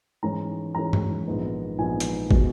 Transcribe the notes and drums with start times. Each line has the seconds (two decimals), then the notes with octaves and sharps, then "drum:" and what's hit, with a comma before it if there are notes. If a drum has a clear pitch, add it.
0.23 G#2 E3 G#3 C#4 A#5
0.74 G#2 E3 G#3 C#4 A#5
0.93 drum: tom G2
1.27 A#1 G#2 D#3 G#3 B3
1.78 A#1 G#2 D#3 G#3 B3 G#5
2.00 drum: hi-hat
2.31 B2 G#3, drum: kick